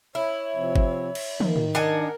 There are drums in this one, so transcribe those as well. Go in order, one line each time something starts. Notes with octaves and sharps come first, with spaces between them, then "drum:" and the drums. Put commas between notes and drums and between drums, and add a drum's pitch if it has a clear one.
E4 C#5
C3 F3 C4
drum: kick G1
drum: cymbal
D#3 A#3, drum: tom
drum: tom
D4 A#4 D#5 F#5 G#5